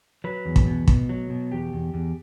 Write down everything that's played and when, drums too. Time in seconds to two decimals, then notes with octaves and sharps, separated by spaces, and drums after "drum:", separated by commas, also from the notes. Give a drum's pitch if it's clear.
0.24 F#3 B4
0.45 E2
0.56 drum: kick
0.67 B2
0.88 B2, drum: kick
1.09 F#3
1.30 B2
1.52 E2 G4
1.73 E2
1.94 E2